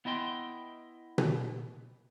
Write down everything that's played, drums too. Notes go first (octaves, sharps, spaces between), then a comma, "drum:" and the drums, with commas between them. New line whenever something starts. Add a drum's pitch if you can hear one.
B3 E4 D#5 G5 C6
drum: tom B2